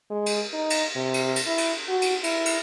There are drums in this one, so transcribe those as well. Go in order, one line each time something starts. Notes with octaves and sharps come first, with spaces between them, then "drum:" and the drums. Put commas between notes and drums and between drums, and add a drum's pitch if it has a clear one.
G#3
drum: cymbal
D#4
drum: cymbal
C3
drum: cymbal
drum: cymbal
E4
drum: cymbal
F#4
drum: cymbal
E4, drum: cymbal
drum: cymbal